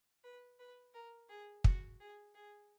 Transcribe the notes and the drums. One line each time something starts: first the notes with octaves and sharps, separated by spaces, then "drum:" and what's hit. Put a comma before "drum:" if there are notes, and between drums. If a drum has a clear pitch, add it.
B4
B4
A#4
G#4
F#4, drum: kick
G#4
G#4